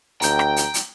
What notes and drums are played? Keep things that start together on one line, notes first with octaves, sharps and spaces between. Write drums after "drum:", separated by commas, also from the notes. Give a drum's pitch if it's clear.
D2 G5 A#5 G6, drum: hi-hat
drum: rim click
drum: hi-hat
drum: hi-hat